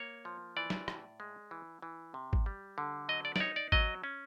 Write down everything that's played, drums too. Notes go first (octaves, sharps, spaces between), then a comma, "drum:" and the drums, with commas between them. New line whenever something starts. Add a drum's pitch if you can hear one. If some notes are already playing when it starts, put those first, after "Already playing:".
Already playing: A#3 C#5
F3
E3 D5
drum: snare
A2, drum: rim click
G#3
E3
E3
C3
drum: kick G#1
G3
D3
F#3 D#5
D5
D5, drum: snare
D#4 C#5
D5
F#3 D#5, drum: kick G#1
C#4